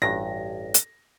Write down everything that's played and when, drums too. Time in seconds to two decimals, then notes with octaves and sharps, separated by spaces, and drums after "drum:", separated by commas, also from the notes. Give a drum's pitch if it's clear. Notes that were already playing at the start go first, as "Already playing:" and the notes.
0.02 A1 G2 F#4 A#6
0.74 drum: hi-hat